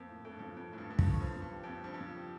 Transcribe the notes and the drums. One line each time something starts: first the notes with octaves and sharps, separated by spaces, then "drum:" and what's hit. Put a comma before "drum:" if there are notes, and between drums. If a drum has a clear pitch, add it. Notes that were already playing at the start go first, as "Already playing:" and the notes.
Already playing: F2 A#3 C4
A2
F2 A3
G2
F2 F3
F2 C4
F2 A2
G2
G2 A3
F2, drum: kick
F3
A2
G2 C5
F3
G2
G4
F2
C4
G2 C5
F2
F3
G4